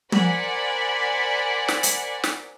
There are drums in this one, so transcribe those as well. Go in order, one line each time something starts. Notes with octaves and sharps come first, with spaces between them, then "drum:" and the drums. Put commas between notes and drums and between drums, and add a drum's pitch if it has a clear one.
A#4 C5 D5 F#5 G#5 B5, drum: tom
drum: snare
drum: hi-hat
drum: snare